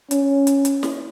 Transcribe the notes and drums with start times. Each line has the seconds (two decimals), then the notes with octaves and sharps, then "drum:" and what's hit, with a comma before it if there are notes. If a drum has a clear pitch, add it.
0.11 C#4, drum: hi-hat
0.47 drum: hi-hat
0.65 drum: hi-hat
0.83 drum: snare